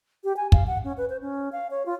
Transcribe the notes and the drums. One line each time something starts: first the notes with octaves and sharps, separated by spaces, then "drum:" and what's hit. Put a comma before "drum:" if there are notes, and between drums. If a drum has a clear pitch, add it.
G4
G#5
F5, drum: kick
F#5
C#4
B4
C5
C#4
F5
C#5
F4